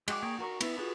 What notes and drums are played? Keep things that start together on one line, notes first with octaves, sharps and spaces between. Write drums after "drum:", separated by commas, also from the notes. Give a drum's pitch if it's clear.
G#3 F#4 G5 D6, drum: cymbal
A#3 G#4 G5 C#6
F#4 A#4 C#6
B3 E4, drum: cymbal
F4 F#4 G#4 A4 B4